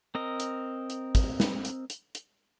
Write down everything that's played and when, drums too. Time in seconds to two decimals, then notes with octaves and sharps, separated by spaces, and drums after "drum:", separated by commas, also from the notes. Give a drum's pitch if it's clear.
0.15 C4 A#4 D#5
0.40 drum: hi-hat
0.90 drum: hi-hat
1.15 drum: kick, hi-hat
1.40 drum: snare
1.65 drum: hi-hat
1.90 drum: hi-hat
2.15 drum: hi-hat